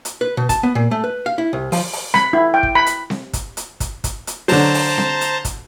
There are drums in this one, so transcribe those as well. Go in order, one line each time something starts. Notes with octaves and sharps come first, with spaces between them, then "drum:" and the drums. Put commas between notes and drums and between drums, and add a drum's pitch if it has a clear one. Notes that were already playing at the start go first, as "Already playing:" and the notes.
drum: hi-hat
B4
B2
A5, drum: kick, hi-hat
B3
A#2
A3
B4
F5
E4
C2
F3, drum: open hi-hat
drum: open hi-hat
B5, drum: snare C4
E4
G5
drum: kick
B5
drum: hi-hat
drum: snare C4
drum: kick, hi-hat
drum: hi-hat
drum: kick, hi-hat
drum: kick, hi-hat
drum: hi-hat
D3 F#3 C5 A5 A#5, drum: open hi-hat
drum: open hi-hat
drum: snare C4
drum: hi-hat
drum: kick, hi-hat